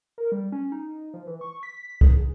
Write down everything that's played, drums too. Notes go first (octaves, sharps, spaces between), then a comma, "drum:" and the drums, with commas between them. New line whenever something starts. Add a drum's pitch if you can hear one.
A#4
G3
C#4
D#4
F3
E3
C#6
B6
G#4, drum: kick